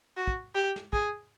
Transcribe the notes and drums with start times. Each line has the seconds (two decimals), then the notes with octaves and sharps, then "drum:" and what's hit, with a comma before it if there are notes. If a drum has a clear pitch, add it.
0.17 F#4
0.28 drum: kick
0.55 G4
0.76 drum: snare
0.93 G#4, drum: kick